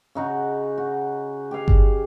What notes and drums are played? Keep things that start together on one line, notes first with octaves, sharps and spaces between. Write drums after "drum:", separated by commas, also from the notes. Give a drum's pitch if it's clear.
C#3 D#4 F#4
F#4
G4 G#4 F5 G#5
drum: kick G1